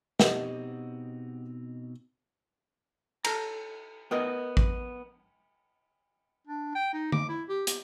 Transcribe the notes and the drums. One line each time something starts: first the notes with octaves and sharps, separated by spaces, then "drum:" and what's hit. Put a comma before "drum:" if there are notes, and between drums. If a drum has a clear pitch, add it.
B2 C4 D#4 G4 A#4 B4 D#5 F#5, drum: snare
A4 A#5, drum: cymbal
B3 A#4 D#5
drum: kick A1
D4
G5
D#4
D6, drum: tom D3
E4
G4
G4, drum: hi-hat